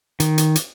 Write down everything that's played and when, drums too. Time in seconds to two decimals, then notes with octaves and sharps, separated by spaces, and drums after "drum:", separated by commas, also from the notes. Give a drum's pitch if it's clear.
0.20 D#3, drum: hi-hat
0.38 drum: hi-hat
0.55 drum: hi-hat